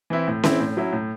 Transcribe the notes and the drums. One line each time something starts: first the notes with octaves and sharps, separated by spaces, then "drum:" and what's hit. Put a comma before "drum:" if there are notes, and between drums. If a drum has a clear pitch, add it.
E3 C4 E4
A2
E3 C4 E4, drum: snare C#4
A2
F#3 C#4 E4
A2